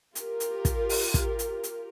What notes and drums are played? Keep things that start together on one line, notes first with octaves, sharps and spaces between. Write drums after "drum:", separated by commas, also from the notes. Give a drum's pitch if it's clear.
F4 G4 A#4, drum: hi-hat
drum: hi-hat
drum: kick, hi-hat
drum: open hi-hat
drum: kick, hi-hat
drum: hi-hat
drum: hi-hat